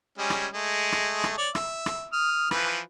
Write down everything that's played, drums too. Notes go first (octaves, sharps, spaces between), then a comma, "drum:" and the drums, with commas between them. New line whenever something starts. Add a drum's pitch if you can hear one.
G3 G#3 C#4
drum: rim click
G#3 A3
drum: rim click
drum: rim click
C#5 D5
E5, drum: rim click
drum: rim click
D#6 F6
E3 F3 B4, drum: rim click